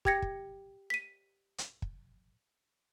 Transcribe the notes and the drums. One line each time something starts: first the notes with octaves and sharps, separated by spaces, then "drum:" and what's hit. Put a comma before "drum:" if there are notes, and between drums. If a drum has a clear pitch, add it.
G4 G5 G#6 A#6 C#7, drum: kick
drum: kick
B6 D#7
drum: hi-hat
drum: kick